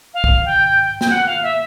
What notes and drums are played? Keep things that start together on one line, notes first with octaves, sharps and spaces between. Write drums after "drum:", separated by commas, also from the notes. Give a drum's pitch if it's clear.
F5
drum: kick
G5
G5, drum: snare
F#5
F5
E5